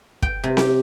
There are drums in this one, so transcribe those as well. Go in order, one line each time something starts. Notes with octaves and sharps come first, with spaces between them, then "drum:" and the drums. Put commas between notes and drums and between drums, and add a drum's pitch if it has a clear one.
G5, drum: kick
C3
G4, drum: snare C4